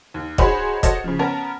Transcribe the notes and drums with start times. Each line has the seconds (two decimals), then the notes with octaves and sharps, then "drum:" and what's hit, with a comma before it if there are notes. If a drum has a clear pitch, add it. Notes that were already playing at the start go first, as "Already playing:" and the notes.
0.14 D#2
0.38 D#4 F#4 G#4 C5 C#5 B5, drum: kick
0.83 F#4 A4 C5 C#5 D#5, drum: kick, hi-hat
1.04 C#3 F3
1.19 B3 C#4 A#4 A5 A#5